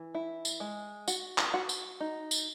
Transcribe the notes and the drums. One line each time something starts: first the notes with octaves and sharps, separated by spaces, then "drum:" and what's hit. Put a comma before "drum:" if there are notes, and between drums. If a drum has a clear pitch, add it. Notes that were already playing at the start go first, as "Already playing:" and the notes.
Already playing: E3
E4
drum: tambourine
G#3
F#4, drum: tambourine
drum: clap
F#4
drum: tambourine
D#4
drum: tambourine